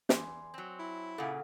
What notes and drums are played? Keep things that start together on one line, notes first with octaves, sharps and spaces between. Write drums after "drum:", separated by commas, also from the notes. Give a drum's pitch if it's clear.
E2 D5 G#5 C6, drum: snare
F#3 C4
E4
A#2 C#3 A4 F5 F#5